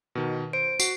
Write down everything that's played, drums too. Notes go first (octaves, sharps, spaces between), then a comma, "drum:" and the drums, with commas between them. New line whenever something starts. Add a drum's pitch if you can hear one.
B2 D#3
C5 D7
F#4 C7, drum: tambourine